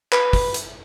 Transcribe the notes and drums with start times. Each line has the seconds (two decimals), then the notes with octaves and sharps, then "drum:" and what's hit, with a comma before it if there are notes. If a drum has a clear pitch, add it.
0.12 B4, drum: clap
0.33 drum: kick, open hi-hat
0.54 drum: hi-hat